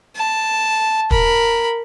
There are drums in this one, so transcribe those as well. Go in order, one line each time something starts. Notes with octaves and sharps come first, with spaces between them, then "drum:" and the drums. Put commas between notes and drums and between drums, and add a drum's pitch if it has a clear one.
A5
A#4 B5, drum: kick